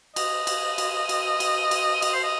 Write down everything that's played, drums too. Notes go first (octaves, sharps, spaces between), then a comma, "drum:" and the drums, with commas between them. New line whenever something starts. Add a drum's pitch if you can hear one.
D#5, drum: cymbal
drum: cymbal
drum: cymbal
drum: cymbal
drum: cymbal
drum: cymbal
D#5, drum: cymbal
C5
D#5